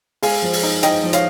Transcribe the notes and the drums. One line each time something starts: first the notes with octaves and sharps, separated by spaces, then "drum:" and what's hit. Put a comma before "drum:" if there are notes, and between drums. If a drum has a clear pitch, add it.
G#3 F5 G#5, drum: open hi-hat
F3
drum: open hi-hat
D#4
D#4 D#5 G5, drum: hi-hat
F3
C#5 F5, drum: hi-hat